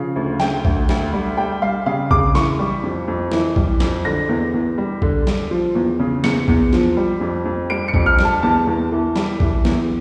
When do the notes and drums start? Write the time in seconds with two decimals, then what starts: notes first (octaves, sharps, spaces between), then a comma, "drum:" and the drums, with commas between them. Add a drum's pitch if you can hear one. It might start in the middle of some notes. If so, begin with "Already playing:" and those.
Already playing: C#3 F3 F5
0.16 D2
0.40 D2 G5, drum: snare
0.65 D2, drum: kick A#1
0.89 D2, drum: snare
1.13 G3
1.37 G3 G5
1.62 G3 F5
1.86 C#3 F5
2.11 C#3 D6, drum: kick A#1
2.35 E3 C#6, drum: snare
2.59 G3
2.83 F2
3.08 F2
3.32 E3, drum: snare
3.56 G3, drum: kick A#1
3.80 F2, drum: snare
4.05 D3 A#6
4.29 E2
4.54 E2
4.78 G3
5.02 D3, drum: kick A#1
5.27 G3, drum: snare
5.51 F3
5.75 E2
6.00 C#3
6.24 E2 C#7, drum: snare
6.48 E2, drum: kick A#1
6.73 F3, drum: snare
6.97 G3
7.21 F2
7.45 F2
7.70 G3 D7
7.88 C#7
7.94 F2, drum: kick A#1
8.06 F6
8.19 G3, drum: snare
8.25 A5
8.43 E2 A5
8.67 E2
8.92 E3
9.16 G3, drum: snare
9.40 E3, drum: kick A#1
9.65 E2, drum: snare